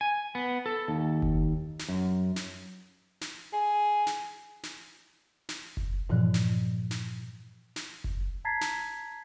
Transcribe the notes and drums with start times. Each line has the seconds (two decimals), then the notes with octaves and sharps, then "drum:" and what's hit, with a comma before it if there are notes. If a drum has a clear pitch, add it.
0.01 G#5
0.35 B3
0.66 A4
0.88 D#2
1.22 drum: kick F#1
1.79 drum: snare
1.89 F#2
2.36 drum: snare
3.21 drum: snare
3.53 G#4
4.07 drum: snare
4.63 drum: snare
5.49 drum: snare
5.77 drum: kick F#1
6.09 G2 A#2 E3 F3
6.34 drum: snare
6.91 drum: snare
7.76 drum: snare
8.04 drum: kick F#1
8.45 A5 A#5 G#6 A6 B6 C7
8.61 drum: snare